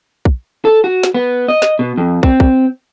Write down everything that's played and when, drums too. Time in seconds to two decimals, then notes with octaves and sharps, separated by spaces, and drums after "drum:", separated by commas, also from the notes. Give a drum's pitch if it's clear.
0.25 drum: kick
0.65 A4
0.84 F#4
1.03 drum: snare
1.14 B3
1.48 D#5
1.62 drum: snare
1.79 B2
1.97 F2
2.23 C4, drum: kick
2.40 drum: kick